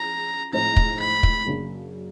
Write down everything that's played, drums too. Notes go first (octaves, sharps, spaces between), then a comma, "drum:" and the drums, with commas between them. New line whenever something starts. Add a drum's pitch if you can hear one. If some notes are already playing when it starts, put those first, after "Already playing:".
Already playing: F3 C#4 E4 G#4 A#5
A2 F3 G#3 C4 D#4 A#5
drum: kick
B5
drum: kick
F#2 C#3 F#3 A#3 D4